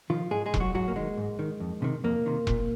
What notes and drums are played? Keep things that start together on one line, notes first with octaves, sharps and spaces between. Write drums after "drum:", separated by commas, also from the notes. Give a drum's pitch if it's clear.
D#3 F3 F4
G#2 G#3 G#4
G#3 G#4
D#3, drum: kick E1
F#3 F#4
G#2 F#3 F#4
A#3
D#3 G#3
G#2
D#3
F2
C3 D#3
F2 A#3
C3 D#3
A#2, drum: kick E1